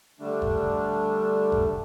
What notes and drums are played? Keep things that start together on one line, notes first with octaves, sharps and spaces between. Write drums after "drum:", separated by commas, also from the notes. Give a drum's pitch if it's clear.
D3 G3 A3 D4
drum: kick F#1
drum: kick F#1